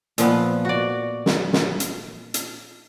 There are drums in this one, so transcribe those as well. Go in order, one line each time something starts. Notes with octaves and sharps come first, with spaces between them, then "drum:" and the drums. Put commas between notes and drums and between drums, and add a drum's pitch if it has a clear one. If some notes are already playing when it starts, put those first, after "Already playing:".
A#2 F3 B3, drum: hi-hat
F#4 D5
drum: snare
drum: snare
drum: hi-hat
drum: hi-hat